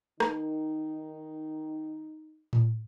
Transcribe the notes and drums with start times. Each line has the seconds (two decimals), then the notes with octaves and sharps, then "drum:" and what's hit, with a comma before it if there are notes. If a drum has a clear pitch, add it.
0.20 D#3 D#4, drum: rim click
2.53 drum: tom A2